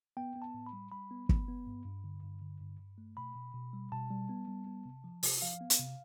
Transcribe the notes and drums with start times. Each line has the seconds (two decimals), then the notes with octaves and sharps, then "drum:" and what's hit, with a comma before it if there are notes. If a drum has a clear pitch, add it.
0.17 B3 G5
0.36 B3
0.42 A5
0.54 A2
0.66 B5
0.73 G3
0.92 G3 B5
1.11 B3
1.29 B3, drum: kick
1.48 B3
1.67 G2
1.85 G2
2.04 D3
2.23 G2
2.42 D3
2.61 G2
2.80 G2
2.98 A3
3.17 B2 B5
3.35 B2
3.54 B2
3.73 G3
3.92 B2 A5
4.11 G3
4.29 B3
4.48 G3
4.67 B3
4.85 C3
5.04 F3
5.23 C3, drum: open hi-hat
5.42 F3 F5
5.61 B3
5.70 drum: hi-hat
5.79 C3